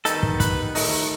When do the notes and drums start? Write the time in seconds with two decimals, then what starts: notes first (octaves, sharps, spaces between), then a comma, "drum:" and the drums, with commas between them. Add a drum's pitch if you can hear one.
0.05 D#3 G3 B3 D#4 A4, drum: hi-hat
0.23 drum: kick
0.40 B4, drum: kick, hi-hat
0.75 D#3 A3 D#4, drum: open hi-hat